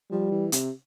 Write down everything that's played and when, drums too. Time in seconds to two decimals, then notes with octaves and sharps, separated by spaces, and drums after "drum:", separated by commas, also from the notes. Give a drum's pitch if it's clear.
0.11 F3 G3
0.31 E3
0.52 C3, drum: hi-hat